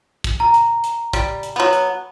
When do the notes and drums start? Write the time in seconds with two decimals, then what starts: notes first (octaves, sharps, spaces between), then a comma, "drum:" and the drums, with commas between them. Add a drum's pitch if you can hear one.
0.24 drum: kick, hi-hat
0.40 A#5
0.54 drum: hi-hat
0.84 drum: hi-hat
1.13 G3, drum: kick, hi-hat
1.43 drum: hi-hat
1.56 F#3 B3
1.73 drum: hi-hat